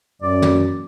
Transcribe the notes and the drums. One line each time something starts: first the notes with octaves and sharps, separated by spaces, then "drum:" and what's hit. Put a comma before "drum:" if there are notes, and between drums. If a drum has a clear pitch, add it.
F#2 D5
drum: tom